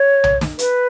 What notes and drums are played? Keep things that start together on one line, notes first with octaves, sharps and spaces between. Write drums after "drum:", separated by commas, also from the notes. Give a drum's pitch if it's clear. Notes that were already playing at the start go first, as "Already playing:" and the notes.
Already playing: C#5
drum: tom B1
drum: snare
B4, drum: hi-hat